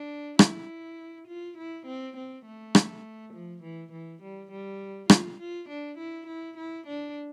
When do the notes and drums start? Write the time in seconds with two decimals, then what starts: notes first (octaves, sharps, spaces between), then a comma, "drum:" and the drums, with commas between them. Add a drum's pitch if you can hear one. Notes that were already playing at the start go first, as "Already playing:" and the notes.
Already playing: D4
0.39 E4, drum: rim click
1.27 F4
1.58 E4
1.86 C4
2.16 C4
2.46 A3
2.75 drum: rim click
3.34 F3
3.63 E3
3.92 E3
4.22 G3
4.51 G3
5.10 F4, drum: rim click
5.40 F4
5.69 D4
5.98 E4
6.27 E4
6.58 E4
6.87 D4